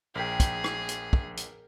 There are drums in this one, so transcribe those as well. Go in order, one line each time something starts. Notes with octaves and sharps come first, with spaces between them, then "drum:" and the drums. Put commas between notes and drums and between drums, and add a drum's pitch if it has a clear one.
A#1 G#4 A#4 G5 B6
drum: kick, hi-hat
drum: rim click
drum: hi-hat
drum: kick
drum: hi-hat